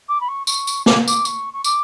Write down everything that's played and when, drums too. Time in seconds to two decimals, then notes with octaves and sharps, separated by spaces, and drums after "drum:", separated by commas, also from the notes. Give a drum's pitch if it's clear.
0.09 D6
0.21 B5
0.28 C#6
0.47 C#6, drum: tambourine
0.67 drum: tambourine
0.86 D6, drum: snare
1.07 D6, drum: tambourine
1.25 C#6, drum: tambourine
1.54 C#6
1.64 D6, drum: tambourine